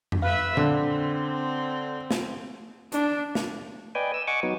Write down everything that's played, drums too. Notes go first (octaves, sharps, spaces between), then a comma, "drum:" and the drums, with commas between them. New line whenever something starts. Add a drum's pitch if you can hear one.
drum: tom F2
B4 E5 F5
D3 C4, drum: tom A#2
drum: snare
D4, drum: hi-hat
drum: snare
B4 D5 D#5 G5 G#5
E6
D#5 F#5 G#5 C#6 D6
F#3 B3 D#4